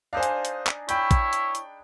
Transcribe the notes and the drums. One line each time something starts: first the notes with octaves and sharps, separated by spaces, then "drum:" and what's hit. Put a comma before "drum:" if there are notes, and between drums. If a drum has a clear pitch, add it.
D4 D#4 G#4 C5 F5
drum: hi-hat
drum: hi-hat
drum: clap
E4 C#5 G5 B5 G6, drum: hi-hat
drum: kick, hi-hat
drum: hi-hat
drum: hi-hat